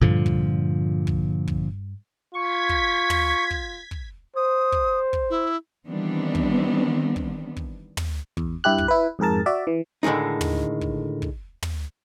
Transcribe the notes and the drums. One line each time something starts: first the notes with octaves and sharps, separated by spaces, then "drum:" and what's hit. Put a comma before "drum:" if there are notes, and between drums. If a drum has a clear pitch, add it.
G2 A#2 D3 F3
drum: kick
drum: kick
drum: kick
F4 C#6 G#6 B6
drum: kick
drum: tom
drum: kick
drum: kick
C5 D#6
drum: kick
drum: kick
E4
D#3 E3 G3 B3 C4 D4
drum: kick
drum: kick
drum: kick
drum: tom
E2, drum: kick
G2 E4 G4 F#6
drum: kick
E4 B4
F2 G#2 G#4 A#4 A5
F#4 D5 E5
E3
A2 D3 D#3 G#3 D#4
drum: tom
drum: kick
drum: kick
drum: tom